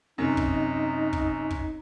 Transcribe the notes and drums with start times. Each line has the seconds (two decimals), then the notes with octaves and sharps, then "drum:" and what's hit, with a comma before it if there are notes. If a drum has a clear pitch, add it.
0.18 F#2 C3 D#4
0.37 drum: kick
1.13 drum: kick
1.51 drum: kick